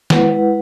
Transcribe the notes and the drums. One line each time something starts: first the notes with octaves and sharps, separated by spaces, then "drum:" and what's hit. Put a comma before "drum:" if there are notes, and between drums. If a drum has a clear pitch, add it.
G#3 E4 B4 F#5, drum: snare